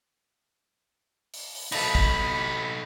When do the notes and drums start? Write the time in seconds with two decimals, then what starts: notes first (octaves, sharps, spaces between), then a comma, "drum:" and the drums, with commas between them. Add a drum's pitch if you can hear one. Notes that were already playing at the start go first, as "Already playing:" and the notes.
1.33 drum: open hi-hat
1.55 drum: open hi-hat
1.72 D#4 A4 B5, drum: cymbal
1.95 drum: kick